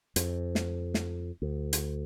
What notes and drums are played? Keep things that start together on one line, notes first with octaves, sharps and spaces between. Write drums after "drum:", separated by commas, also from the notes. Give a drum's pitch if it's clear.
F2, drum: hi-hat
drum: snare
drum: snare
D2
drum: hi-hat